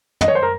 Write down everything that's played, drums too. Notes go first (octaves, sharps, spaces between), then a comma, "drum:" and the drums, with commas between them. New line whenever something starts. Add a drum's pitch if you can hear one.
D#5, drum: tom
C#5
C5
A#4